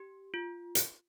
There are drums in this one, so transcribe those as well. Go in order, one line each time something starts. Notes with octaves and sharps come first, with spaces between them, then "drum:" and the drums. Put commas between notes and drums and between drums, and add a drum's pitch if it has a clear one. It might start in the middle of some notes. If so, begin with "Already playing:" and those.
Already playing: G4
F4
drum: hi-hat